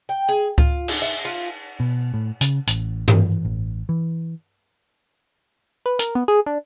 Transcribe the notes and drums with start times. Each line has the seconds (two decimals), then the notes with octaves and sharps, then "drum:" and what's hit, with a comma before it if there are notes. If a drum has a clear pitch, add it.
0.09 G5
0.29 G#4
0.58 F4, drum: kick C#2
0.88 drum: cymbal
1.02 E5
1.25 F4
1.80 B2
2.14 A2
2.41 C#3, drum: hi-hat
2.67 A1, drum: hi-hat
3.08 E3, drum: tom G2
3.45 A1
3.89 E3
5.86 B4
5.99 A#4, drum: hi-hat
6.15 B3
6.28 G#4
6.46 D4